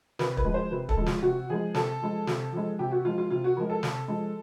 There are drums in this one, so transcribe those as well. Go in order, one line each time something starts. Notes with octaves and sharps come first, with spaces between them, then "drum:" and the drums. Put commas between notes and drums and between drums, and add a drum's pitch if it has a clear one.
C3 B4, drum: snare
B4, drum: kick
F3 G#3
C5
C3 B4
A4, drum: kick
F3 G#3
F4, drum: snare
C3 F#4
F3 G#3 G#4
C3 A4, drum: snare
F3 G#3
C3, drum: snare
F3 G#3
C3 G4
F#4
F3 G#3 F4
F4
C3 F4
F#4
F3 G#3 A#4
A4
C3, drum: snare
F3 G#3